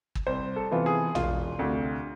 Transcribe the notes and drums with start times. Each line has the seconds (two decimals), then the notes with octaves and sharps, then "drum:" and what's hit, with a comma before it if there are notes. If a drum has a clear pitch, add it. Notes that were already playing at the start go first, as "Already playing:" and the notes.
0.15 drum: kick
0.27 C2 C5
0.56 A4
0.71 C3 E3 B3 F4
0.86 G#4
1.15 E1 F4, drum: tom A#1
1.59 D2 C3